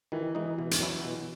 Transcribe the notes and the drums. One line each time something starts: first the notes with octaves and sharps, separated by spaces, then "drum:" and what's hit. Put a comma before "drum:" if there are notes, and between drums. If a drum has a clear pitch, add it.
D#3 E3
E3 G#3 D#4
B2 E3
drum: hi-hat
F#3 C#4 E4
B2